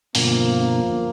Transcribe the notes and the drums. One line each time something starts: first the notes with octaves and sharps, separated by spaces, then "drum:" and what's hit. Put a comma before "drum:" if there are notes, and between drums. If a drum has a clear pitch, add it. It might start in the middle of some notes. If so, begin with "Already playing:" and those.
G2 B2 D3 F3 A#3, drum: open hi-hat